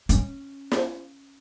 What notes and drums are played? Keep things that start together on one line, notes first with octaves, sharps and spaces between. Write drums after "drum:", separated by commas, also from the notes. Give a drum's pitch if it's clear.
C#4, drum: hi-hat
drum: snare